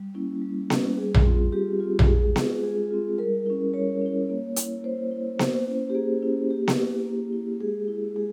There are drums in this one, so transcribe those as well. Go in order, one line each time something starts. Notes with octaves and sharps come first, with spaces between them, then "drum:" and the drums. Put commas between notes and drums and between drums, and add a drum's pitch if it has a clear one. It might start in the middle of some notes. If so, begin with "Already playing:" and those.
Already playing: G3
A#3 C#4 E4
G3
A#3 C#4 E4, drum: snare B3
G3 G#4
drum: tom A#1
C4 F4
G3 G4
C4 F4
drum: tom A#1
G#3 G#4
C4 F4, drum: snare B3
G#3 G#4
C4 F4
G3 A#4
C#4 E4
G3 C#5
C#4 E4
A#3
E4, drum: hi-hat
A#3 C5
E4
A#3 C5, drum: snare B3
C#4 E4
G4
A#3 G#4
C#4 E4
A#3 G4
drum: snare B3
E4
A#3
E4
G#3 G#4
E4
G#3 G#4